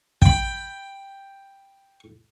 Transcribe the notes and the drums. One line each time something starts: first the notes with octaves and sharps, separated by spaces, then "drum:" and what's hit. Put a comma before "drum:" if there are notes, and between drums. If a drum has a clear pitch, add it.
G5 B5, drum: kick